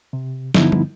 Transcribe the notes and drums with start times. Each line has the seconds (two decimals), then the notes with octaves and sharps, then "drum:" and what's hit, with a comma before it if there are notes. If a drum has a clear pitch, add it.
0.13 C3
0.54 G2 D3 F3 B3 D#4 E4, drum: snare
0.72 drum: tom G3